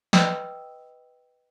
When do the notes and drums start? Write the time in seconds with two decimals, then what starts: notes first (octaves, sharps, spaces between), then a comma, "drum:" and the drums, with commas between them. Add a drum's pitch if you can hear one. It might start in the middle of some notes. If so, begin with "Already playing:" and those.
0.13 B4 D#5 G5 B5 D#6 E6, drum: snare